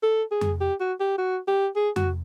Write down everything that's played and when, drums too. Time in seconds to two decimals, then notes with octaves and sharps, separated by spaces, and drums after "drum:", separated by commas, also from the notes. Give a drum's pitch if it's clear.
0.03 A4
0.31 G#4
0.41 drum: tom F2
0.61 G4
0.80 F#4
1.00 G4
1.18 F#4
1.48 G4
1.76 G#4
1.96 F#4, drum: tom F2